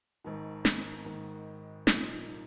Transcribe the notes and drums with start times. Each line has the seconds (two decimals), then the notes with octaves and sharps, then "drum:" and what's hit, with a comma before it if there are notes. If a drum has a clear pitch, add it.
0.24 G#1 G#2 D#3
0.65 drum: snare
1.05 G#1 G#2 D#3
1.87 C2 A#2 F3 A#3 D#4, drum: snare